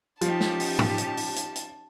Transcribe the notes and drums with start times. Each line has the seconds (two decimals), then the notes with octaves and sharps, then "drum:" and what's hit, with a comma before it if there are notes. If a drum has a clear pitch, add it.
0.21 F3 C#4 D#4 G4 A5, drum: hi-hat
0.40 drum: snare
0.60 drum: open hi-hat
0.79 drum: tom
0.98 drum: hi-hat
1.17 drum: open hi-hat
1.36 drum: hi-hat
1.55 drum: hi-hat